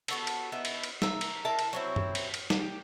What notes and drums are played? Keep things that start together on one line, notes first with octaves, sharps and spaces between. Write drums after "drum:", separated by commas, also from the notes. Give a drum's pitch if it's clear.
B3 F#4 A4, drum: cymbal
drum: cymbal
B3 D#4 E4
drum: cymbal
drum: cymbal
A#4 E5, drum: snare
drum: cymbal
E4 A#4 E5 A5
drum: cymbal
F#3 C4 E4
drum: tom F#2
drum: cymbal
drum: cymbal
G4, drum: snare